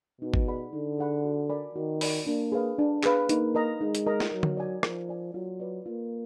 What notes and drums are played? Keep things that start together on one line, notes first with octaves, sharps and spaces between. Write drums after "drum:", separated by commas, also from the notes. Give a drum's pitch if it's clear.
B2 D#4
drum: kick
G#4 D5 F#5 B5
D3 D#4
G#4 D5 F#5 B5
F#4
A#4 D5 G#5 B5
D#3 F#4
A#4 D5 G#5 B5, drum: open hi-hat
A#3 D4
G#4 B4 F5
D4
G#4 B4 F5, drum: clap
A#3 D#4, drum: hi-hat
A#4 D#5 A#5
G#3 D#4
drum: hi-hat
A#4 D#5 A#5
drum: snare
F#3 A#4
drum: tom D3
D5 G#5
F3 A#4, drum: rim click
D5 G#5
F#3 F4
B4 D5
A#3 F4